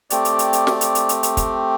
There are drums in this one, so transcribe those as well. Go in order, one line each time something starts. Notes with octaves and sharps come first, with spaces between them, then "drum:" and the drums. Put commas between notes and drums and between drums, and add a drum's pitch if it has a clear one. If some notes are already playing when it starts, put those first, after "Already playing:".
A3 C4 G4 D5, drum: hi-hat
drum: hi-hat
drum: hi-hat
drum: hi-hat
drum: snare
drum: hi-hat
drum: hi-hat
drum: hi-hat
drum: hi-hat
drum: kick, hi-hat